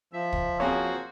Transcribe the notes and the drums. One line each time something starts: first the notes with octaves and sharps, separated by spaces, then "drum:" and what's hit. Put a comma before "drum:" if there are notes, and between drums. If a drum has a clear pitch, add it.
F3 E5
drum: kick
A#3 C4 F#4 G#4 C#5